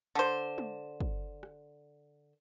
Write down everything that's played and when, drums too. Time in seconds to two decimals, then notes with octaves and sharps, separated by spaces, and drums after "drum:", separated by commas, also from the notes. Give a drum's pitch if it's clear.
0.15 D3 C5
0.58 drum: tom G#3
1.00 drum: kick
1.43 drum: rim click